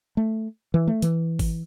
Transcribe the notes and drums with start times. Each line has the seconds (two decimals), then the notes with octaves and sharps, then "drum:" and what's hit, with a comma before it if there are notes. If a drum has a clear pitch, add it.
0.17 A3
0.74 E3
0.87 A3
1.02 E3, drum: hi-hat
1.39 drum: kick G#1, open hi-hat